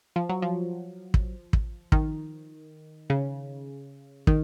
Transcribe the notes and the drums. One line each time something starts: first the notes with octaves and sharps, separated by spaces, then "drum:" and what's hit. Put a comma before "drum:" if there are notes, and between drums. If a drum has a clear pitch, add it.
F3
F#3
F3
drum: kick
drum: kick
D#3, drum: kick
C#3
D#3, drum: kick